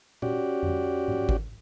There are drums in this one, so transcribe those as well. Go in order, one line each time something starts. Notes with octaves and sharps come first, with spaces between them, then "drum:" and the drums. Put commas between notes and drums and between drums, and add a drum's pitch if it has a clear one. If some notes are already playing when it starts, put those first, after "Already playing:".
C#4 F#4 G4 D5, drum: tom A#2
drum: tom F2
drum: tom G#2
drum: kick G#1